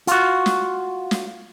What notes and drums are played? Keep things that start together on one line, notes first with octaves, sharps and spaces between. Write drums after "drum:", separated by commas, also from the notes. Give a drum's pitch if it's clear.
F4 F#4, drum: hi-hat
drum: snare
drum: snare